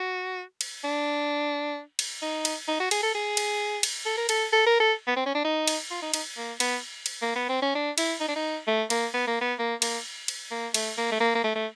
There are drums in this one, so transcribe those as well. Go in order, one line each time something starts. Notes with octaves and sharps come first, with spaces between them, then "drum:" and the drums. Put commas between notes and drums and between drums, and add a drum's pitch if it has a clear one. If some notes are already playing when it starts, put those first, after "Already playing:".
Already playing: F#4
drum: cymbal
D4
drum: cymbal
D#4
drum: cymbal
D#4
F#4
G#4, drum: cymbal
A4
G#4
drum: cymbal
drum: cymbal
A4
A#4
A4, drum: cymbal
A4
A#4
A4
B3
C4
C#4
D4
D#4
drum: cymbal
F4
D#4
D#4, drum: cymbal
A#3
B3, drum: cymbal
drum: cymbal
A#3
B3
C4
C#4
D4
E4, drum: cymbal
D#4
D4
D#4
A3
A#3, drum: cymbal
B3
A#3
B3
A#3
A#3, drum: cymbal
drum: cymbal
A#3
A3, drum: cymbal
A#3
A3
A#3
A#3
A3
A3